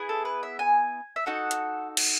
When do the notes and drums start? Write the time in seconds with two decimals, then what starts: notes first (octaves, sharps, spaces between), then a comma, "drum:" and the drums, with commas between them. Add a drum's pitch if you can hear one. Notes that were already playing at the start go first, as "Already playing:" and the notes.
Already playing: B3 E4 G#4
0.09 A4
0.25 B4
0.43 E5
0.59 G#5
1.16 E5
1.26 D#4 F#4 A4 F#5
1.51 drum: hi-hat
1.97 drum: cymbal